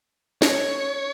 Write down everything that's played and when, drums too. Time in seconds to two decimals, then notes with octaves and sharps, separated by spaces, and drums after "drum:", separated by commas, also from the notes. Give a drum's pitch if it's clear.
0.42 C#5, drum: snare